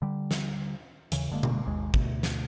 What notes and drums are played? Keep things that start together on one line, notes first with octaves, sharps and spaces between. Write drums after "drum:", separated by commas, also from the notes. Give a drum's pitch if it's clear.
D3 G3
drum: snare
D#2 C#3 E3, drum: hi-hat
F#1 D3 G#3 A#3
drum: tom B2
G#1 D#2 G#3
D2 B2 A3, drum: kick
drum: snare